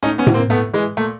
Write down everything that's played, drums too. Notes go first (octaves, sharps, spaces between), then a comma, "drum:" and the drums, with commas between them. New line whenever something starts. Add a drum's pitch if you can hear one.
A2 C#4 D#4
B3 C#4
E3, drum: tom A2
A#3 C4
A2 A3 B3
E3 G#3
A#2 A3